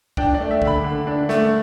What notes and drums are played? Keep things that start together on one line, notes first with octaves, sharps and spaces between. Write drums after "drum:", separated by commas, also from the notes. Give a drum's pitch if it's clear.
D4 G5, drum: kick
D5
A3
E5
D3, drum: kick
B5
D3
D4
A3, drum: snare